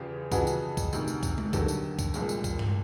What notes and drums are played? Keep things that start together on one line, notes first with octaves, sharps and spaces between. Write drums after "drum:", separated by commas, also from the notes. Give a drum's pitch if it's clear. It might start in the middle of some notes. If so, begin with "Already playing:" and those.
Already playing: E2 C#3 E3 F4 G4
F2 C#3 E3 F#4 G#4, drum: kick, tambourine
drum: tambourine
drum: kick, tambourine
D2 C3 D#3, drum: tambourine
drum: tambourine
drum: kick, tambourine
drum: tom G#3
D#2 D3 F#3 G4 A4, drum: kick, tambourine
drum: tambourine
drum: kick, tambourine
C2 A#2 F3 G#3, drum: tambourine
drum: tambourine
drum: kick, tambourine
drum: tom G2